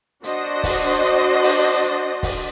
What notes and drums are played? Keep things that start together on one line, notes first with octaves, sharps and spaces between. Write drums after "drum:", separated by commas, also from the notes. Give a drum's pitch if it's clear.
D4 F#4 C5 D5 D#5, drum: hi-hat
drum: kick, open hi-hat
drum: hi-hat
drum: open hi-hat
drum: hi-hat
drum: kick, open hi-hat